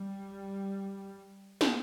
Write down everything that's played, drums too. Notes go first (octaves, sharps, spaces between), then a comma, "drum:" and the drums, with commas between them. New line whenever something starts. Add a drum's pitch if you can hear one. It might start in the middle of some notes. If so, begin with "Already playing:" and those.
Already playing: G3
drum: snare